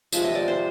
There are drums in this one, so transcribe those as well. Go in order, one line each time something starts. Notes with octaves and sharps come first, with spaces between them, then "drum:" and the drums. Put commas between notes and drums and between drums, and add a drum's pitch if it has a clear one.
C3 F3 G#3 E5, drum: tambourine
D#5
D5
C5